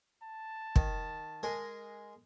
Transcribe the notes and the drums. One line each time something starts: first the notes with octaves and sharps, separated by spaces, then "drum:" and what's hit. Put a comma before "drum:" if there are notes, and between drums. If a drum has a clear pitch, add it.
A5
D#3, drum: kick
G#3 G#4 A#4